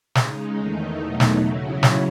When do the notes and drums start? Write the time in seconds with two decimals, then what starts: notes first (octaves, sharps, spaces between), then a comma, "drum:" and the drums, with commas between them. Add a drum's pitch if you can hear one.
0.15 C#3 G#3 D#4, drum: snare
0.57 E2 D#3 A3 D#4
0.98 E2 B2 F#3 A3 D#4
1.20 drum: snare
1.41 C#3 F#3 C#4 E4
1.83 drum: snare